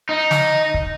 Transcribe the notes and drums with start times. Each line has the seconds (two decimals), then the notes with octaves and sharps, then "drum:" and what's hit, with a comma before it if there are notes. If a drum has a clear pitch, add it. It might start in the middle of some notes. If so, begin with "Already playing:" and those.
0.09 D#4
0.31 drum: snare
0.74 drum: kick